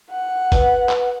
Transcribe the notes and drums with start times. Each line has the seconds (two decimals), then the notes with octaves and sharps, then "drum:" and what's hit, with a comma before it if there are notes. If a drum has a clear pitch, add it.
0.10 F#5
0.52 B4, drum: kick G1, hi-hat
0.89 drum: clap